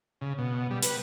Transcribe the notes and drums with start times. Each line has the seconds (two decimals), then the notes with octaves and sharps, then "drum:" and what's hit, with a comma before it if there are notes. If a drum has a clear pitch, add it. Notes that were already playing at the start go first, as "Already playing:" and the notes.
0.21 C#3
0.38 B2
0.71 G3
0.83 B4, drum: hi-hat